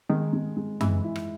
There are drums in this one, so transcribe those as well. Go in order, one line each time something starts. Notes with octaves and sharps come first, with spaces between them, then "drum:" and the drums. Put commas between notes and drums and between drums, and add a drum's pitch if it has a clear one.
D#3 G#3
G#3
G#3
E3 G#3, drum: tom F#2
E4
drum: rim click